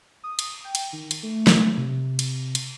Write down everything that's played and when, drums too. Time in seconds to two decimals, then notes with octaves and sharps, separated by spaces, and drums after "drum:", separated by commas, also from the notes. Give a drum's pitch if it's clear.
0.24 D#6
0.39 drum: cymbal
0.64 G5
0.75 drum: cymbal
0.93 D#3
1.11 drum: cymbal
1.23 A3
1.47 drum: snare
1.77 C3
2.19 drum: cymbal
2.55 drum: cymbal